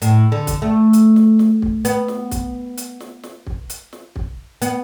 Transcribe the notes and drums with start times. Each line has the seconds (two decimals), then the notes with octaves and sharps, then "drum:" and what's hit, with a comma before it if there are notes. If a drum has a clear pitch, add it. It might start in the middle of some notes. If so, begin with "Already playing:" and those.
0.02 A2, drum: hi-hat
0.32 D3
0.47 drum: kick, hi-hat
0.62 A3
0.93 drum: hi-hat
1.16 drum: snare
1.39 drum: snare
1.62 drum: kick
1.85 B3, drum: hi-hat
2.08 drum: snare
2.31 drum: kick, hi-hat
2.77 drum: hi-hat
3.00 drum: snare
3.23 drum: snare
3.47 drum: kick
3.70 drum: hi-hat
3.93 drum: snare
4.16 drum: kick
4.62 B3, drum: hi-hat